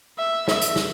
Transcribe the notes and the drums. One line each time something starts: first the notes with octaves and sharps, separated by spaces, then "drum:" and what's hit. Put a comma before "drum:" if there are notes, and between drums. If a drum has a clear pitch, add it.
E5
E5, drum: snare
drum: hi-hat
drum: snare